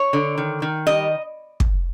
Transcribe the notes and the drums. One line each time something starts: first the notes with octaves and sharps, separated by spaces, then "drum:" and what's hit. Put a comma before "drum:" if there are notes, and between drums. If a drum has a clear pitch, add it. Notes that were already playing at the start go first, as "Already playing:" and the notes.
Already playing: C#5
D3
D#3
D#3
G3 D#5
drum: kick